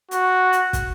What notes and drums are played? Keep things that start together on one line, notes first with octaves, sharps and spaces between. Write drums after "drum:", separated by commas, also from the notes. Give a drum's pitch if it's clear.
F#4, drum: hi-hat
drum: hi-hat
drum: kick, hi-hat